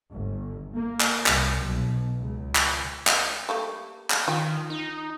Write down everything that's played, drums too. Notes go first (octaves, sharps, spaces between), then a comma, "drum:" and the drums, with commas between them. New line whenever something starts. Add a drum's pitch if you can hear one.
G1
A#3
drum: clap
C2, drum: clap
B1
C#2
drum: clap
drum: clap
G3 A3 A#3
drum: clap
D#3 F4 G5
D#4